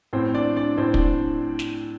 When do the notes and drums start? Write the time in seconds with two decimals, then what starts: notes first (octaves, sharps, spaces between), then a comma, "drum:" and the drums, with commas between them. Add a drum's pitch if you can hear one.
0.13 A2 C4 C5
0.34 D4 D5
0.56 D4 D5
0.78 A2 C4 C5
0.94 D4 D5, drum: kick
1.59 drum: snare